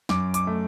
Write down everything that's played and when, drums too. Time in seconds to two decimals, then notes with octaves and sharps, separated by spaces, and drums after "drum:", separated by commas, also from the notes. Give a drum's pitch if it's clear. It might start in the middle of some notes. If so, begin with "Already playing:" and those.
0.09 F#2 D6, drum: snare
0.34 D6, drum: hi-hat
0.47 A3